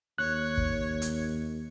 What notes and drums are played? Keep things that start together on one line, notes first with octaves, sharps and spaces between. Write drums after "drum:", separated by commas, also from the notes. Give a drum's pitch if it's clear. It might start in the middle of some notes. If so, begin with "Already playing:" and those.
D#2 C#5 F#6
drum: kick
drum: hi-hat